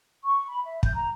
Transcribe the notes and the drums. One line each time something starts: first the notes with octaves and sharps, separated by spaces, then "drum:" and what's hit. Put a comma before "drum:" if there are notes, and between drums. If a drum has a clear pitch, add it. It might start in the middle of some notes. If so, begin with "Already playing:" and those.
C#6
B5
E5
G6, drum: kick
A#5